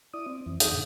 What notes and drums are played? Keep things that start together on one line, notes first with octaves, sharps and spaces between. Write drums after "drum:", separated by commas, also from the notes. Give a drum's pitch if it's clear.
E4 D5 D#6
C4
F2 E3
D#4 G#4 A4 D#6 G6, drum: hi-hat
F2 A2 D3